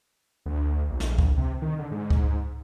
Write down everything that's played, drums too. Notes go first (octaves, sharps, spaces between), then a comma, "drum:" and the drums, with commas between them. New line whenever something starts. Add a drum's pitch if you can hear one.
D2
A#1
drum: snare
drum: kick C#2
C3
D#3
D3
G#2
drum: kick C#2